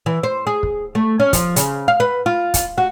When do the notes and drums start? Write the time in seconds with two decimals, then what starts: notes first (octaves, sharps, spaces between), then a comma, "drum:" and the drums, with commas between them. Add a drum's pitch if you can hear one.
0.06 E3
0.23 C5
0.47 G#4
0.63 drum: kick
0.95 A3
1.20 C#4
1.33 F3, drum: kick, hi-hat
1.56 C#3, drum: hi-hat
1.88 F5
2.00 B4
2.26 F4
2.54 drum: kick, hi-hat
2.78 F#4